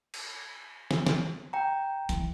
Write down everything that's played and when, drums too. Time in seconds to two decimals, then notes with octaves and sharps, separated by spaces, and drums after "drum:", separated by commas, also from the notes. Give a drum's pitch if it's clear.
0.14 drum: cymbal
0.91 drum: snare
1.06 drum: snare
1.53 G5 A#5
2.09 E3, drum: hi-hat